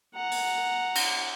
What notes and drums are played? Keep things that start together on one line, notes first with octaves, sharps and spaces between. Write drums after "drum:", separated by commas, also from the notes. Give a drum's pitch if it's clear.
F#5 A#5
drum: open hi-hat
drum: cymbal